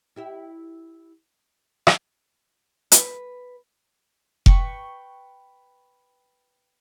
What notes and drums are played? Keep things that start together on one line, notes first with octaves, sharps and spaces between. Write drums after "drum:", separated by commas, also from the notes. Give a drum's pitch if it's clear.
E4 G4 E5
drum: rim click
B4, drum: hi-hat
B4 G5 C#6, drum: kick F1